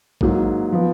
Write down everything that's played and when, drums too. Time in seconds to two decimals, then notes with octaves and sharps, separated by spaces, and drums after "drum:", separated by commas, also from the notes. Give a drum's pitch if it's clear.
0.21 G#2 F#3 A#3, drum: kick A1
0.72 F3 B3